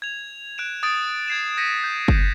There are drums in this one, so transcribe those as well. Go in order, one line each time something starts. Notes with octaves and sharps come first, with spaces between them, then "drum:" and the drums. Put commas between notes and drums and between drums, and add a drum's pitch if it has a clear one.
G#6 F7
F#6 D7 E7
D#6 A6 D7
G#6 C7 E7
G6 G#6 A#6 B6 C#7 D#7
G6
drum: kick F#1